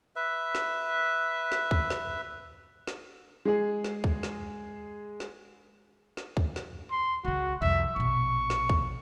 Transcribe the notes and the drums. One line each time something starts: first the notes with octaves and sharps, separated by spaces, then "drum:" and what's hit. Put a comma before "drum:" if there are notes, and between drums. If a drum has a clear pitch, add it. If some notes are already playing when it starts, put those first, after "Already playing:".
B4 E5
drum: snare
drum: snare
drum: kick C#2
drum: snare
drum: snare
G#3 G#4
drum: snare
drum: kick C#2
drum: snare
drum: snare
drum: snare
drum: kick C#2
drum: snare
C6
C#2 C#3 F#4
C2 F2 E5
A#1 B2 C#6
drum: snare
drum: kick C#2